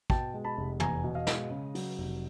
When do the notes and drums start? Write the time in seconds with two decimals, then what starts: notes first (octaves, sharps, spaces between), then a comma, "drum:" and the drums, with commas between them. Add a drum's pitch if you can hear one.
0.10 B2 G5 A5, drum: kick
0.34 G#3
0.44 A5 B5
0.57 F1
0.80 E2 G#5 A#5, drum: tom
1.04 B2
1.15 D#5 F5
1.27 G#3, drum: snare
1.50 C#3
1.75 F#3, drum: open hi-hat
1.98 F1